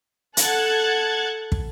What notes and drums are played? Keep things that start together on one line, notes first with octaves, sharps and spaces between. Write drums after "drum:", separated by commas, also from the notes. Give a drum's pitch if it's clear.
A4 F#5 F#6 G#6 A6, drum: hi-hat
drum: kick